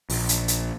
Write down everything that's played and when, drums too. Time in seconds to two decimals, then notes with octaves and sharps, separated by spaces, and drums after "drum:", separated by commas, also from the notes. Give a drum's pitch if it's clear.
0.10 A#1, drum: open hi-hat
0.29 drum: hi-hat
0.48 drum: hi-hat